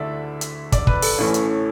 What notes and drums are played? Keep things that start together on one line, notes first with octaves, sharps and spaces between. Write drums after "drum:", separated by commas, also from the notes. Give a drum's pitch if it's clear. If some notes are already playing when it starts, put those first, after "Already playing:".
Already playing: D2 D3 A3 E4 D5 E5
drum: hi-hat
D5, drum: kick, hi-hat
B4, drum: kick
A4, drum: open hi-hat
A1 A2 E3 A3 C#4
drum: hi-hat